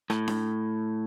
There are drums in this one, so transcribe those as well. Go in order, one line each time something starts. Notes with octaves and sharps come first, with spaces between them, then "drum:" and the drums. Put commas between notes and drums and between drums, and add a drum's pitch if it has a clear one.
A2, drum: rim click
drum: snare D4